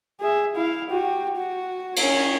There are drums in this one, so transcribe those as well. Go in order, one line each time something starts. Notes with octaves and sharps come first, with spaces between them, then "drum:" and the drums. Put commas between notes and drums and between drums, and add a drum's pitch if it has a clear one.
G#4 E5
E4 F5
F#4 G4
F#4
C#4 C#5, drum: cymbal